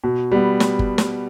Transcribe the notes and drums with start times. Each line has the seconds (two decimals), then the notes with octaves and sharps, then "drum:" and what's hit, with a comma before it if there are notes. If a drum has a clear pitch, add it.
0.04 B2
0.32 G3 B3
0.60 drum: snare
0.79 drum: kick G1
0.98 drum: snare